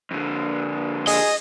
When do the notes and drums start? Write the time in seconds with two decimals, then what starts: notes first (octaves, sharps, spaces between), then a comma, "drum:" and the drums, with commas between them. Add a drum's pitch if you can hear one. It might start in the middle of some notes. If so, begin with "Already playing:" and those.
0.11 F2 D3
1.07 G#4 D#5, drum: open hi-hat